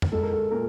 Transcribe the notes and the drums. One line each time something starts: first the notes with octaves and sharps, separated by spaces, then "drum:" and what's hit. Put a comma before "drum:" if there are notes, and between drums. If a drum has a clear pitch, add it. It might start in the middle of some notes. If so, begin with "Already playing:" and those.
drum: tom F2
G#3 A4
A#4
A4
A#2 A#4